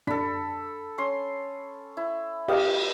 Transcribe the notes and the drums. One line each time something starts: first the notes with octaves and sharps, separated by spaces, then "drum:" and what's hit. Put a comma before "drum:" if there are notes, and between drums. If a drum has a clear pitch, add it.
D4 A4 B5, drum: tom F#2
C#4 C6
E4
G4 D#5 F5, drum: cymbal